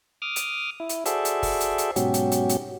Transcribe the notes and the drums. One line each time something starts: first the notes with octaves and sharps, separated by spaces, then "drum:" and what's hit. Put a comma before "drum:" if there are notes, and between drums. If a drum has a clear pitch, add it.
D6 D#6 F6
drum: hi-hat
E4
drum: hi-hat
F#4 G#4 A4 C5 D5 E5, drum: hi-hat
drum: hi-hat
drum: kick, open hi-hat
drum: hi-hat
drum: hi-hat
G#2 B2 F#3 C#4 F#4 G4, drum: hi-hat
drum: hi-hat
drum: hi-hat
drum: hi-hat